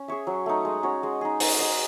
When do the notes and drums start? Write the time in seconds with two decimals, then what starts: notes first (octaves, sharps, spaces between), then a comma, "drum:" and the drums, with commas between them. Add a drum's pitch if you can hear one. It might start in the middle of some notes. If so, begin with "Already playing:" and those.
Already playing: C#4
0.08 G#4 C#5 E5
0.27 F#3
0.46 A3 D#4
0.65 G#3
0.83 C#4 F#4 C#5
1.03 G#3
1.21 D#4 G#4
1.40 D#4, drum: open hi-hat
1.59 G#4 D#5